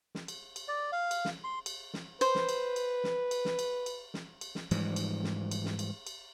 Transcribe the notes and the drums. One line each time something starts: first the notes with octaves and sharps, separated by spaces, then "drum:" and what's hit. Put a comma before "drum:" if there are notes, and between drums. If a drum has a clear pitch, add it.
drum: snare
drum: cymbal
drum: cymbal
D5
F5
drum: cymbal
drum: snare
C6
drum: cymbal
drum: snare
B4 C5, drum: cymbal
drum: snare
drum: cymbal
drum: cymbal
drum: snare
drum: cymbal
drum: snare
drum: cymbal
drum: cymbal
drum: snare
drum: cymbal
drum: snare
G#2 E3 F3 G3, drum: cymbal
drum: cymbal
drum: snare
drum: cymbal
drum: snare
drum: cymbal
drum: cymbal